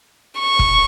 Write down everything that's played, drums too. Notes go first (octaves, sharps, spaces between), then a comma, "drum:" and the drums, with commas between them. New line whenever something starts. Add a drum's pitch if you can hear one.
C#6
drum: kick E1